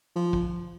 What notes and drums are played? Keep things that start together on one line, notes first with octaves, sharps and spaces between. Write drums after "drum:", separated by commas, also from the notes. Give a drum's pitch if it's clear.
F3
drum: kick